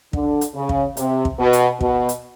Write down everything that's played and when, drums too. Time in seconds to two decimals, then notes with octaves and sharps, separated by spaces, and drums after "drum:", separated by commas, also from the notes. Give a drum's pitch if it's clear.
0.13 D3, drum: kick
0.41 drum: hi-hat
0.55 C#3
0.69 drum: kick
0.97 C3, drum: hi-hat
1.25 drum: kick
1.39 B2
1.53 drum: hi-hat
1.81 B2, drum: kick
2.09 drum: hi-hat